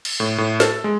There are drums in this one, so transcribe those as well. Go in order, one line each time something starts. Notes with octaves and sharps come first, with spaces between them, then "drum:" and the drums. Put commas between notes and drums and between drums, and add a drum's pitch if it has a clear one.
drum: cymbal
A2
A2
A4, drum: snare
G#3